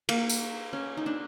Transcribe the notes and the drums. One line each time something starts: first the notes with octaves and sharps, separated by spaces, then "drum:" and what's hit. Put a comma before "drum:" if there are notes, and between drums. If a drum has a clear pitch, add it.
A#3, drum: cymbal
drum: tambourine
C#4
D#4
D4